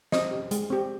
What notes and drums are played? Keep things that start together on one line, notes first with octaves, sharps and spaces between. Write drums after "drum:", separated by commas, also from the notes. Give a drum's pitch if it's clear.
C4 D#5, drum: snare
G4
G#3, drum: hi-hat
C4 G4